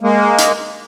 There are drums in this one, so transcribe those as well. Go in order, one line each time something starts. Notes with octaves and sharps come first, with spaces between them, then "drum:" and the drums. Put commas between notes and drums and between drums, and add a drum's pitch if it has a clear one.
G#3 A#3
drum: hi-hat